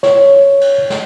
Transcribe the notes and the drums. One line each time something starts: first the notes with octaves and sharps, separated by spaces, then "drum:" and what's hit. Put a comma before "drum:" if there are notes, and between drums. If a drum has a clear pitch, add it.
C#5, drum: snare
drum: cymbal
drum: snare